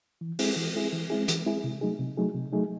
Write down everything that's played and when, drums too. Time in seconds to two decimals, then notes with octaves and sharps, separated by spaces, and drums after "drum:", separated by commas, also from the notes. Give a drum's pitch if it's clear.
0.21 E3
0.39 G#3 C4 E4 G#4, drum: open hi-hat
0.57 E3
0.74 G#3 C4 E4 G#4
0.93 E3
1.10 G#3 C4 E4 G#4
1.28 E3, drum: hi-hat
1.45 G#3 C4 E4 G#4
1.64 C3
1.81 F#3 A3 D#4 G#4
1.99 C3
2.17 F#3 A3 D#4 G#4
2.34 C3
2.52 F#3 A3 D#4 G#4